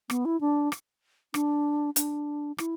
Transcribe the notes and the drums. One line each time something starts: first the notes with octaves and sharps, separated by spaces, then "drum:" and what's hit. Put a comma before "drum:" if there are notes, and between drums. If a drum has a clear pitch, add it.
B3, drum: rim click
E4
D4
drum: rim click
D4, drum: rim click
D4, drum: hi-hat
E4, drum: rim click